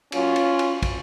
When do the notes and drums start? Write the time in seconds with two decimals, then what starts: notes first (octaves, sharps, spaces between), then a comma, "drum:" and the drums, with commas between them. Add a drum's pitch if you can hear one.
0.12 A#2 F#3 C#4 F4, drum: cymbal
0.36 drum: cymbal
0.59 drum: cymbal
0.82 drum: kick, cymbal